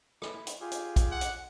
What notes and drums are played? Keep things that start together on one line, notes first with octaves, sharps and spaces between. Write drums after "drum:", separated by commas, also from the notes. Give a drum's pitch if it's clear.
E4, drum: rim click
drum: hi-hat
F4 G4 G#4 G#5
drum: hi-hat
drum: kick, hi-hat
F#5
drum: hi-hat